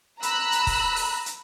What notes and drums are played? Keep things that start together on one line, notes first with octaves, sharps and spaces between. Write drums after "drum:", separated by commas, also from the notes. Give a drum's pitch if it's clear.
A#5 B5 E6 F#6, drum: hi-hat
drum: hi-hat
drum: kick, open hi-hat
drum: open hi-hat
drum: hi-hat